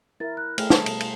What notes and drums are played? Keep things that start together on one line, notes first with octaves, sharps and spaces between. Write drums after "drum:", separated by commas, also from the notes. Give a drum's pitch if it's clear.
E4 A#4 E5 A6
F#6
A3 G#4 G5 F6, drum: cymbal
G3 A5, drum: snare
B2, drum: cymbal
drum: cymbal